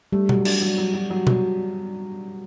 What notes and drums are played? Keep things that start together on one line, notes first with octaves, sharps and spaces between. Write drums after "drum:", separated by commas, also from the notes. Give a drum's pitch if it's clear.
G3 A3
F#3, drum: tom B2
D4, drum: cymbal
F#3
F#3
F#3
F#3
F#3, drum: tom B2